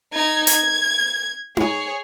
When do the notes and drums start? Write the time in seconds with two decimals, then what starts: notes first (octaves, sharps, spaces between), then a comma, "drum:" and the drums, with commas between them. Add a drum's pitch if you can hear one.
0.13 D#4 G#6
0.47 G#6, drum: hi-hat
1.57 G#4 C#5, drum: tom D#4